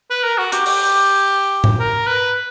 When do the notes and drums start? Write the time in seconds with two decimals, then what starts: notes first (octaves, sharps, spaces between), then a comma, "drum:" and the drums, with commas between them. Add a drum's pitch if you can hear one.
0.10 B4
0.23 A#4
0.38 F#4
0.52 G4, drum: hi-hat
0.66 G4, drum: open hi-hat
1.64 drum: tom G#2
1.79 A#4
2.07 B4